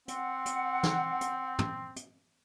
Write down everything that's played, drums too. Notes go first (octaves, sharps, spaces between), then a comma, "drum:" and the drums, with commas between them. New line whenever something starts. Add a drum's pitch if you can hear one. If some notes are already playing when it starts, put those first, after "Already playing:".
C4 F#5, drum: hi-hat
drum: hi-hat
drum: snare
drum: hi-hat
drum: tom
drum: hi-hat